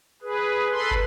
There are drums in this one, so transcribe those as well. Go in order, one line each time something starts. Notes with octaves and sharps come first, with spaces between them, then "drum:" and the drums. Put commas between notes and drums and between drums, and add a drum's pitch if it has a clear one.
G#4 B4
A4 B4 B5 C6
drum: kick